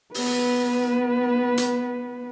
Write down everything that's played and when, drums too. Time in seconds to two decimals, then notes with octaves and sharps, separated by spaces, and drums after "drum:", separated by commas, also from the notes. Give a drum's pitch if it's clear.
0.14 B3 B4, drum: open hi-hat
1.57 drum: hi-hat